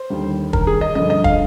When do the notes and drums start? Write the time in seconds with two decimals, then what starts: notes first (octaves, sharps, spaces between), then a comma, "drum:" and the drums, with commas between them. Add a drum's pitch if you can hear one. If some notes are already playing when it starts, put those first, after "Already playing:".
Already playing: C5
0.10 D#2 D3 G3
0.53 A#4, drum: kick
0.67 G#4
0.81 D#5
0.95 G2 D3 F3 D#5
1.10 D#5
1.24 F5, drum: kick